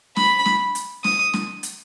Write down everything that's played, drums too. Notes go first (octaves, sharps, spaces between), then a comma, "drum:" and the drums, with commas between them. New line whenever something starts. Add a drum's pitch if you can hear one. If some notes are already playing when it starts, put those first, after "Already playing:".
B5, drum: snare
drum: snare
drum: hi-hat
D#6, drum: snare
drum: snare
drum: hi-hat